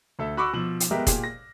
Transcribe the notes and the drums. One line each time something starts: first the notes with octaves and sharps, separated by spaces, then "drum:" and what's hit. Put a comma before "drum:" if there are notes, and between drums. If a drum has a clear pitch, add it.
D2 A4 E5
F#4 B5 C#6 D6 E6
B2 F3 E6 F#7
drum: hi-hat
G#3 B3 G4 A#4 E5
A#2 G4 G#4, drum: kick F1, hi-hat
A#6